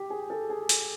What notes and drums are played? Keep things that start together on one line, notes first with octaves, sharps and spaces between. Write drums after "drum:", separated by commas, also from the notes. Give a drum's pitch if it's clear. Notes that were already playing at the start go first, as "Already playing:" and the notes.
Already playing: G4
G#4
A4
G#4
drum: hi-hat